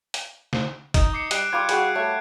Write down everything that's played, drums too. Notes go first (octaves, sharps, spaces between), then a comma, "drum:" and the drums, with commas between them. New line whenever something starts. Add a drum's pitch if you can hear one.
drum: hi-hat
drum: snare
D#4, drum: kick, hi-hat
D6 C7 C#7
G3 F#6 C7 D7, drum: hi-hat
G3 F4 F5 D6 G6 G#6
G3 F#4 G#4 G6, drum: hi-hat
A3 C#5